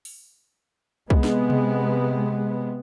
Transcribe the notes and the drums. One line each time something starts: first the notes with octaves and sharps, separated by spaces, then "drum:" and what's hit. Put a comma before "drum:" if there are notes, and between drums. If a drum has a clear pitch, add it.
drum: open hi-hat
C3 G#3 B3, drum: kick C2
drum: snare
drum: tom C3